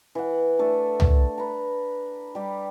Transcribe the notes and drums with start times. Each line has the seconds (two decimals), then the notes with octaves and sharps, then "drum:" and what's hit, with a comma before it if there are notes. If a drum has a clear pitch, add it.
0.15 E3 F#5
0.59 A3 D4 A4
1.00 drum: tom
1.38 B4 A#5
2.35 G3 G4